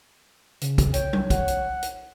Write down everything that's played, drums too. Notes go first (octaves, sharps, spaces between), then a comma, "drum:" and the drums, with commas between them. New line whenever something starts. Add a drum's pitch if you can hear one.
C#3, drum: hi-hat
drum: kick, hi-hat
C#5 G5, drum: hi-hat
drum: tom F#3
F#5, drum: kick, hi-hat
drum: hi-hat
drum: hi-hat